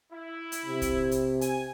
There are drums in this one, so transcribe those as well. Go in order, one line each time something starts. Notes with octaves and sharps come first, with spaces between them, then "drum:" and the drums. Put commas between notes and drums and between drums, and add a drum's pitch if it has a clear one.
E4
drum: hi-hat
C3
drum: kick, hi-hat
drum: hi-hat
G#5, drum: hi-hat